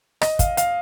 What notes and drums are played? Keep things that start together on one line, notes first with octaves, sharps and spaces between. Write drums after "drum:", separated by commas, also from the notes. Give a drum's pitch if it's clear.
D#5, drum: rim click
F5, drum: kick, hi-hat
F5, drum: hi-hat